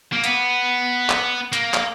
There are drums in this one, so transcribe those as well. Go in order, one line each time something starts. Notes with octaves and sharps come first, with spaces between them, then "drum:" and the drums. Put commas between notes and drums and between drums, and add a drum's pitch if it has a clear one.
A#3
B3, drum: hi-hat
drum: clap
A#3, drum: hi-hat
drum: clap